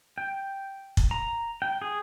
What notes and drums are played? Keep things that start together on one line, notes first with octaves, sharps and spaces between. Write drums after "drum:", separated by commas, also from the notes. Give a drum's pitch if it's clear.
G5
drum: kick
A#5
G5
G#4